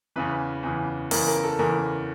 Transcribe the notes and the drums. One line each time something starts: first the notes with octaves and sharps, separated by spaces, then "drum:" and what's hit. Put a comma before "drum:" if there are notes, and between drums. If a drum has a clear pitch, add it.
E2 C#3 E3 B4
E2 C#3 E3
E2 C#3 E3 A#4, drum: open hi-hat
A#4
A4
E2 C#3 E3 A#4